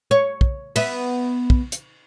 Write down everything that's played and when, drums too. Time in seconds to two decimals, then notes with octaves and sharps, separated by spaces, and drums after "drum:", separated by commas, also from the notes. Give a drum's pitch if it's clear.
0.11 C#5
0.41 drum: kick
0.76 B3 E5, drum: cymbal
1.50 drum: kick
1.72 drum: hi-hat